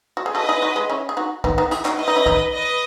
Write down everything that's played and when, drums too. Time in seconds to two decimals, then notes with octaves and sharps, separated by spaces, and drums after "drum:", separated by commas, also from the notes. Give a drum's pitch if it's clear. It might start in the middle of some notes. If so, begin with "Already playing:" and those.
0.17 F#4
0.26 G#4
0.35 F#4 A4 B4 D#5
0.49 E4 G#4
0.62 D#4 F#4
0.76 G#3
0.90 C#4 E4
1.09 G#4
1.17 D#4 F#4
1.44 B3 D#4, drum: kick B1
1.58 B3 D#4
1.71 E4 G#4, drum: hi-hat
1.85 D#4 F#4, drum: clap
1.99 E4 B4 D#5
2.08 D#4
2.16 C#4 E4
2.26 B3 D#4, drum: kick B1
2.53 B4 D#5